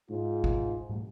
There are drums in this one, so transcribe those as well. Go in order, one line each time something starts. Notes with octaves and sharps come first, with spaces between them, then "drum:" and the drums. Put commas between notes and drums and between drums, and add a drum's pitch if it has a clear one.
G#2 F4
drum: kick
drum: tom